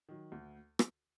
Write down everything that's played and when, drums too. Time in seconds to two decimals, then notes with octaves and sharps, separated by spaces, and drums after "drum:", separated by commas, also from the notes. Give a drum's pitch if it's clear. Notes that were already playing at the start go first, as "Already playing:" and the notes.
0.09 D#3 F#3
0.32 D2
0.79 drum: rim click